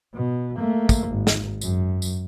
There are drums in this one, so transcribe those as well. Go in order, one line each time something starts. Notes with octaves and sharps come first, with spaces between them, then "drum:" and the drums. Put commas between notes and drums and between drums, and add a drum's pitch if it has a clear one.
B2
A3 A#3
drum: kick, tambourine
G#1
drum: snare
F#2, drum: tambourine
drum: tambourine